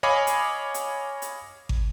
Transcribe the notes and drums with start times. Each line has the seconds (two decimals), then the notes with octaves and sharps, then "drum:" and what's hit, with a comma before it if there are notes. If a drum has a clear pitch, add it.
0.03 C#5 D#5 F5 G#5 B5 D6
0.27 drum: hi-hat
0.74 drum: hi-hat
1.22 drum: hi-hat
1.69 drum: kick